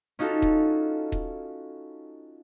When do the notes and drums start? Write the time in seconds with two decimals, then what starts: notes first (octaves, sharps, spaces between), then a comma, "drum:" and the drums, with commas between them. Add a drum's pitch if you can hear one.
0.19 C#4 D#4 F4 F#4 A4
0.42 drum: kick D#1
1.12 drum: kick D#1